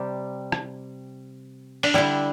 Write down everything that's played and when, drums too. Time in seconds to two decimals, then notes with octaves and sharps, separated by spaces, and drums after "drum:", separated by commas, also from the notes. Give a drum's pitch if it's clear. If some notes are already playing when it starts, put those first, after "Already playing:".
Already playing: C3 G3
0.52 drum: rim click
1.83 D4, drum: open hi-hat
1.94 D3 G3 E4